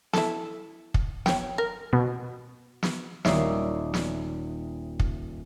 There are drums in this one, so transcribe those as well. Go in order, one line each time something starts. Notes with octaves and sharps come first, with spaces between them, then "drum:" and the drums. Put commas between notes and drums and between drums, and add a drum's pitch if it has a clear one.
E4 A4, drum: snare
drum: kick
C#5 G5, drum: snare
A#4
B2
drum: snare
D#1 D#4 C#5 D5 E5 C7, drum: snare
drum: snare
drum: kick